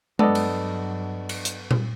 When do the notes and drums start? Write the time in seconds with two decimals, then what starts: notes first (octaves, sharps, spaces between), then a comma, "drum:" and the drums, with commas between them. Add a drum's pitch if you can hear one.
0.19 G2 F#3 B3 D4 A4 D5 D#5, drum: tom G#3
0.35 drum: cymbal
1.29 drum: cymbal
1.45 drum: hi-hat
1.71 drum: tom A#2